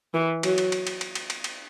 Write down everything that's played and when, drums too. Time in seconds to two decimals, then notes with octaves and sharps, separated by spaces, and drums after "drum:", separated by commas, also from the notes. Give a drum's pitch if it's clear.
0.14 E3
0.43 F#3, drum: cymbal
0.58 drum: cymbal
0.72 drum: cymbal
0.87 drum: cymbal
1.01 drum: cymbal
1.15 drum: cymbal
1.30 drum: cymbal
1.44 drum: cymbal